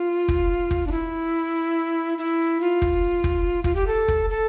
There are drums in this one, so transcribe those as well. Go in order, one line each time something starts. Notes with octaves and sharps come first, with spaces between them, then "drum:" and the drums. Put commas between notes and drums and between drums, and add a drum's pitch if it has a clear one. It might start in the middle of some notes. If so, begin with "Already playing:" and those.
Already playing: F4
drum: kick
drum: kick
D4
E4
E4
F4
drum: kick
drum: kick
F4, drum: kick
G4
A4
drum: kick
A4